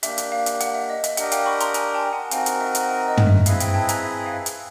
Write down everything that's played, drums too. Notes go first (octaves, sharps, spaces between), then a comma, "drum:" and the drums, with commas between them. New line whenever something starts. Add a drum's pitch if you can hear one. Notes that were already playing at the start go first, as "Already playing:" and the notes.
A#3 D4 G4 E5, drum: hi-hat
drum: hi-hat
F5
drum: hi-hat
F#5, drum: hi-hat
E5
D#5
E5, drum: hi-hat
D4 G4 A#4 D#5 F#5, drum: hi-hat
F5 G5, drum: hi-hat
B5 C#6
A#5 C6, drum: hi-hat
G#5 A#5, drum: hi-hat
G5 A5
F#5 G#5
C4 D#4 F#4 A#4 F5 G5, drum: hi-hat
drum: hi-hat
E5
drum: hi-hat
E5
D#5
drum: tom
E5
C4 E4 G#4 B4 D#5 F5, drum: hi-hat
F5 G5, drum: hi-hat
G5 A5
G#5 A#5, drum: hi-hat
E5
F5
E5
drum: hi-hat